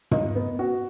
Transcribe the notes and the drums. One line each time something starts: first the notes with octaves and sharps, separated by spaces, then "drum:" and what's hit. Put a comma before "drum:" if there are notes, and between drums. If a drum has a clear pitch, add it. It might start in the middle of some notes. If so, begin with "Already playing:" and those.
D#4, drum: tom
B3
F#4